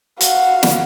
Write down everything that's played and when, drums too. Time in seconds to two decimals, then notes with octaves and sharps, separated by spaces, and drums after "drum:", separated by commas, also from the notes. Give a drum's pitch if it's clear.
0.21 F#4 F5, drum: hi-hat
0.63 drum: snare